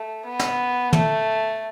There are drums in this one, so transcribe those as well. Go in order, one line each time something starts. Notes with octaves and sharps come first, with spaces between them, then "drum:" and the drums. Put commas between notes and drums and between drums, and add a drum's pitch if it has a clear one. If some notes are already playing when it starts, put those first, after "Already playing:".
Already playing: A3
B3
drum: snare
A3, drum: tom